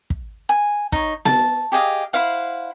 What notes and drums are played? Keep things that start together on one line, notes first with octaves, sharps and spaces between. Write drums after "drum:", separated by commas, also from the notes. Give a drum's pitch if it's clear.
drum: kick
G#5
D#4 C#5, drum: kick
A5, drum: snare B3
G4 G#4 D#5 F5
E4 C5 F5 F#5